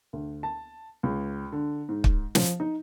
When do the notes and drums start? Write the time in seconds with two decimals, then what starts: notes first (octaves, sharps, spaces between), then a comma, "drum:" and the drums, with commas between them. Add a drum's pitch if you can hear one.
0.13 D2
0.43 A5
1.03 C#2
1.52 D3
1.89 G#2
2.04 drum: kick
2.35 F3, drum: snare
2.60 D#4